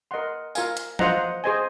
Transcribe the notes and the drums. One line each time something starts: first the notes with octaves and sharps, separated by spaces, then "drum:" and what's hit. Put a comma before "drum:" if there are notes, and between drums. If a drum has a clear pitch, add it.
A#4 D#5 F#5 C6
F4 A#4 F5 G#5, drum: tambourine
drum: hi-hat
F4 C5 D#5 F#5 A#5, drum: tom F3
G#4 C5 D#5 G#5